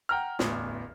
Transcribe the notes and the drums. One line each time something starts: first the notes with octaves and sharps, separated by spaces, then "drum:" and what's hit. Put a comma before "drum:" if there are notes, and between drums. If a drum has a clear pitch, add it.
F#5 G5 A#5 F6
D1 A1 E2, drum: snare